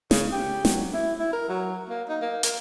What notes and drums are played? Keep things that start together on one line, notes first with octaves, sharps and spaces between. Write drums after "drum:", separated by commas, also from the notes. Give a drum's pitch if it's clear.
C#3, drum: snare
G4
F#3, drum: snare
E4
E4
A#4
F#3
A#3
D#4
A#3
A#3, drum: hi-hat